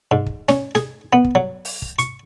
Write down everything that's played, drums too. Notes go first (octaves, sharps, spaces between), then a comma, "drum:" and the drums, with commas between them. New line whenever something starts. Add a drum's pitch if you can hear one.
G#2
drum: kick
C#4, drum: snare
G#4, drum: snare
B3
drum: kick
F#3
drum: open hi-hat
drum: kick
C#6, drum: hi-hat